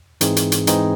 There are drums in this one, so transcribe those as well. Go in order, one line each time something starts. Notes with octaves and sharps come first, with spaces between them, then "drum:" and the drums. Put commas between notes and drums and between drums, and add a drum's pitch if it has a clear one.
G#2 E3 C4 D#4 G#4, drum: hi-hat
drum: hi-hat
drum: hi-hat
G#2 E3 C4 D#4 G#4, drum: hi-hat